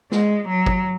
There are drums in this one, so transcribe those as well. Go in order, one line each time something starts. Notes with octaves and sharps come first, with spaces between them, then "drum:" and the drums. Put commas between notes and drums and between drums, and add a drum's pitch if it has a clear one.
G#3, drum: snare
F#3
drum: kick